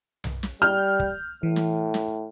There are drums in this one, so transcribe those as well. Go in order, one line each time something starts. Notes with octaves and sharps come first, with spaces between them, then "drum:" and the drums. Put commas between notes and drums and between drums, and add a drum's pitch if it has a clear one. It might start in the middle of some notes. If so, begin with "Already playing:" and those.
drum: tom B1
drum: snare
G3 F6 G6
drum: kick
A2 E3
drum: snare
drum: snare